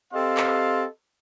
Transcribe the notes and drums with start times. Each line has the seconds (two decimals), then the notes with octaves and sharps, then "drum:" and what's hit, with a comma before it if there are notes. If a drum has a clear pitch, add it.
0.13 C4 G4 A4 D#5 F5 C6
0.37 drum: clap